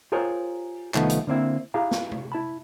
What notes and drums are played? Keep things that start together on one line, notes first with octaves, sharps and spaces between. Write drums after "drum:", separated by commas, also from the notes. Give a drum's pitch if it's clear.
F4 G4 G#4 A#4 C5 C#5
C2 D#3 F3 A3 B3, drum: clap
drum: hi-hat
D3 A#3 C4 E4
E4 G4 G#4 F5 A#5
drum: snare
drum: tom
E4 A5 B5